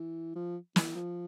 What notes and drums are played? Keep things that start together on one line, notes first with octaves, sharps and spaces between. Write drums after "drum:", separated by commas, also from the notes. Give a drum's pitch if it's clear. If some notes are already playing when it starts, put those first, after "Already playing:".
Already playing: E3
F3
E3, drum: snare
F3